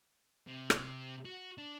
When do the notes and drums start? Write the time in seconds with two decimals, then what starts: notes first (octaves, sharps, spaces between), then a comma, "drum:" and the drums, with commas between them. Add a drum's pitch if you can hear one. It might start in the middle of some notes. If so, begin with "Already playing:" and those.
0.47 C3
0.70 drum: rim click
1.25 F#4
1.58 D4